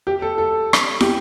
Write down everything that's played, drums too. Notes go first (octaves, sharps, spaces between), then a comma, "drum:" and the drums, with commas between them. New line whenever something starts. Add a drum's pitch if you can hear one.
G4
A4
A4
drum: rim click
G4, drum: snare